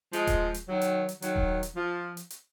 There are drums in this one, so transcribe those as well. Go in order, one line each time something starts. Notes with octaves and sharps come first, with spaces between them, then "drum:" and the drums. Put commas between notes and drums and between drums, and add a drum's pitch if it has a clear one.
F3 G#3, drum: hi-hat
drum: kick D#1, hi-hat
drum: hi-hat
D#3 F#3
drum: hi-hat
drum: hi-hat
D#3 F#3, drum: hi-hat
drum: kick D#1
drum: hi-hat
F3
drum: hi-hat
drum: hi-hat